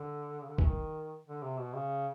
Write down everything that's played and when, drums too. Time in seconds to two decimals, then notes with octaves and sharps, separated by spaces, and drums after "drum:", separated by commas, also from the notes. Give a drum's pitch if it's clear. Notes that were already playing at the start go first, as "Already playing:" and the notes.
Already playing: D3
0.43 C#3
0.49 D3
0.58 E3, drum: kick B1
0.64 D#3
1.28 D3
1.43 C3
1.59 B2
1.74 C#3